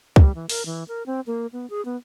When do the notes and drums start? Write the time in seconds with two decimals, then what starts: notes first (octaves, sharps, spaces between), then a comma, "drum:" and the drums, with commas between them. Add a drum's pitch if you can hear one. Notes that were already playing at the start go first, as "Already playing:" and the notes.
0.16 G3, drum: kick C#2
0.35 E3
0.49 A#4, drum: open hi-hat
0.66 E3
0.88 A#4
1.06 C4
1.27 A#3
1.53 B3
1.70 G#4
1.85 B3